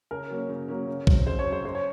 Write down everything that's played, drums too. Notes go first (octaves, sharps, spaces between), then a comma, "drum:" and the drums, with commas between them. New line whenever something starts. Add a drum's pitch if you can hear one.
C#3 A#4
F#3 A#3 C#4
C#3
F#3 A#3 C#4
C#3
F#3 C4, drum: kick B1
C#3 C5
C#5
F#3 C4
C5
F#2 C5
C#5